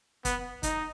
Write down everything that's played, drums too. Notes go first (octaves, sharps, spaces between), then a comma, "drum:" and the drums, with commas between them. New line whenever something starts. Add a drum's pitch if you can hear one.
B3, drum: kick, hi-hat
D#4, drum: kick, hi-hat